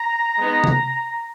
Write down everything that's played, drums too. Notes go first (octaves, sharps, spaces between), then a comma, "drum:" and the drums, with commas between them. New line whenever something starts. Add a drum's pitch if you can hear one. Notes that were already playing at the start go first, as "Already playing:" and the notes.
Already playing: A#5
G#3 B3 D#4
drum: tom